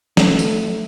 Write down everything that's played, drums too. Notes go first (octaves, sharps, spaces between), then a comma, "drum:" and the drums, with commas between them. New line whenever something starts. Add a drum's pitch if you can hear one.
A3, drum: snare
drum: tambourine